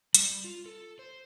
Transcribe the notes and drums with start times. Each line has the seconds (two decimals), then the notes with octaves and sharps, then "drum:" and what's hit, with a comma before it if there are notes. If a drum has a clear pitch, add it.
0.14 G3, drum: hi-hat
0.44 F4
0.66 A4
0.99 C5